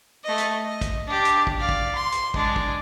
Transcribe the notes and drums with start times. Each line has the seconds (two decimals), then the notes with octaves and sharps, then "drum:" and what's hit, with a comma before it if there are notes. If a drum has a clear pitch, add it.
0.24 A3 D#5
0.38 drum: hi-hat
0.65 D#5
0.81 drum: kick, hi-hat
1.07 D4 G4
1.25 drum: hi-hat
1.47 drum: kick
1.57 D5 F5
1.69 drum: kick
1.95 C6
2.12 drum: hi-hat
2.34 G#3 D4, drum: kick
2.56 drum: kick